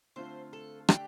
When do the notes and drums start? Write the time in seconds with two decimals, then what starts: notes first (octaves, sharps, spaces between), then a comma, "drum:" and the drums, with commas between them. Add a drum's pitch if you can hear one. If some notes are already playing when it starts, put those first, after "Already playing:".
0.16 D3 A3 C4 F4 C5
0.53 A4
0.89 D3 A3 D4 G4, drum: rim click